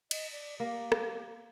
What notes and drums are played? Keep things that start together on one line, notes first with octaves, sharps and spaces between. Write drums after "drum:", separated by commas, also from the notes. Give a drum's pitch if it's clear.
D#5, drum: cymbal
D5
A#3 G4
drum: rim click